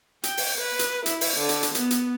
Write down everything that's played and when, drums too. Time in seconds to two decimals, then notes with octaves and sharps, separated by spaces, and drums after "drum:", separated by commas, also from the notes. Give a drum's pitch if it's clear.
0.24 G5, drum: hi-hat
0.37 drum: open hi-hat
0.58 B4
0.79 drum: hi-hat
1.06 E4, drum: hi-hat
1.21 drum: open hi-hat
1.37 D3
1.49 drum: hi-hat
1.63 drum: hi-hat
1.75 B3, drum: hi-hat
1.91 drum: hi-hat